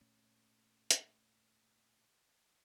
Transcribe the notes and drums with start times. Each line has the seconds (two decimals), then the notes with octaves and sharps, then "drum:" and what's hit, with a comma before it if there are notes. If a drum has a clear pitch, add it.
0.01 A#2 A3 C#4
0.91 drum: hi-hat